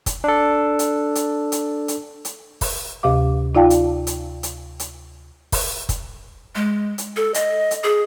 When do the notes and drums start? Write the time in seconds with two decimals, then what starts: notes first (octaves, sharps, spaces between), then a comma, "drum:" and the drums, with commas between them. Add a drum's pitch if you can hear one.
0.06 drum: kick, hi-hat
0.24 D4 A4
0.79 drum: hi-hat
1.15 drum: hi-hat
1.52 drum: hi-hat
1.88 drum: hi-hat
2.25 drum: hi-hat
2.61 drum: kick, open hi-hat
3.03 D2 C3 G4 F5 D6
3.55 D#4 F4 D5 F5 G5 A5
3.70 drum: hi-hat
4.07 drum: hi-hat
4.43 drum: hi-hat
4.80 drum: hi-hat
5.52 drum: kick, open hi-hat
5.89 drum: kick, hi-hat
6.55 G#3
6.98 drum: hi-hat
7.16 A4
7.34 D#5, drum: hi-hat
7.71 drum: hi-hat
7.84 G#4